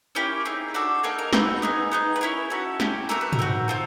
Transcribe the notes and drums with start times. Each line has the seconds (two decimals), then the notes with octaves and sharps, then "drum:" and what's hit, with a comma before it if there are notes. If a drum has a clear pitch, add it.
0.15 A#3 C#4 E4 G4
0.45 C4 D#4 G#4
0.74 D4 F#4 A4
1.03 A#3 D#4 G#4 A4
1.19 A#4
1.33 C4 D#4 F#4 B4, drum: snare
1.62 B3 D#4 G#4
1.92 B3 D#4 G#4
2.16 B4
2.21 C#4 E4 G#4 A#4
2.50 C#4 F#4 A4
2.80 C#4 E4 G4, drum: snare
3.09 A3 D4 F#4 A4 A#4
3.21 B4
3.32 A#4, drum: tom
3.39 C4 D#4 F#4
3.68 C4 F4 A4